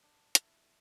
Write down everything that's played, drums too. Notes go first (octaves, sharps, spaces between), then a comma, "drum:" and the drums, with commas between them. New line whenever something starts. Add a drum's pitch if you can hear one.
D4
E4, drum: hi-hat